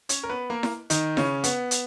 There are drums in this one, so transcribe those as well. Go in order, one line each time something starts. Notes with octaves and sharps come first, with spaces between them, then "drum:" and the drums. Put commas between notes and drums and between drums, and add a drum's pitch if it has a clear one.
C#4 C#5, drum: hi-hat
A#4
B3 B4
A#3 A#4
drum: snare E4
D#3 D#4, drum: hi-hat
C#3 C#4, drum: snare E4
B3, drum: hi-hat
drum: hi-hat